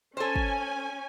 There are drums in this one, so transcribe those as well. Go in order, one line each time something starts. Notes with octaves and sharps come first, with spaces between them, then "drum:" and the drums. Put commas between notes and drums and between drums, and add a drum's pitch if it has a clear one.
C#4 A4 C5 G#5
drum: kick